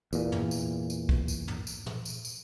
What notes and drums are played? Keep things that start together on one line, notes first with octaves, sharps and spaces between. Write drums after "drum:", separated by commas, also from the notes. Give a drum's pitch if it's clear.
E2 A#2, drum: tambourine
drum: tom
drum: tambourine
drum: tambourine
drum: kick
drum: tambourine
drum: tom
drum: tambourine
drum: tom
drum: tambourine
drum: tambourine